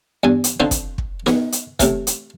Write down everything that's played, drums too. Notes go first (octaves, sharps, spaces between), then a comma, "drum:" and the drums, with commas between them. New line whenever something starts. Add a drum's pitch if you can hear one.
E2 G2 G#5
drum: hi-hat
D3 F3 C4 D#4
drum: kick, hi-hat
drum: kick
B3 G#4, drum: snare
drum: hi-hat
A2 C3 E3, drum: kick, hi-hat
drum: hi-hat